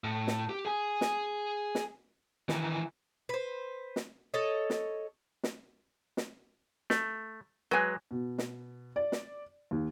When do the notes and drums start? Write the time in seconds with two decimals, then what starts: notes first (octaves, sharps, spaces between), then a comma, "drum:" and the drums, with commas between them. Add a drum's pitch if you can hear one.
0.04 A2
0.27 drum: snare
0.49 G4
0.65 G#4 G#5
1.01 drum: snare
1.75 drum: snare
2.49 D#3 E3, drum: snare
3.29 B4 C5
3.96 drum: snare
4.34 A4 C#5 D#5
4.70 drum: snare
5.43 drum: snare
6.17 drum: snare
6.90 A3, drum: snare
7.71 F#3 G#3 B4 G#5
8.11 B2
8.38 drum: snare
8.96 D5
9.12 drum: snare
9.71 D#2